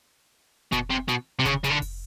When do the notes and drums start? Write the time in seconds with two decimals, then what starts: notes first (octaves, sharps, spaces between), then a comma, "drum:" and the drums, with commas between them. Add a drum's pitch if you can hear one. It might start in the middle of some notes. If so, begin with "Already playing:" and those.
0.72 B2, drum: kick F1, hi-hat
0.90 C3
1.09 B2, drum: hi-hat
1.39 C3
1.45 C#3, drum: kick F1, hi-hat
1.64 C#3, drum: hi-hat
1.70 D3
1.82 drum: kick F1, open hi-hat